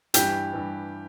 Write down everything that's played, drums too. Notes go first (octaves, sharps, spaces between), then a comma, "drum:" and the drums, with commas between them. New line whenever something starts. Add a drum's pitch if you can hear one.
G2 E3 G4, drum: hi-hat
G2 E3